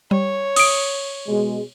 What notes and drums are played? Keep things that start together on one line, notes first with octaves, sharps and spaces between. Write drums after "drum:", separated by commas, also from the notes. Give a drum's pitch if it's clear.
G3 C#5
D#6 D7, drum: cymbal
B2 G#3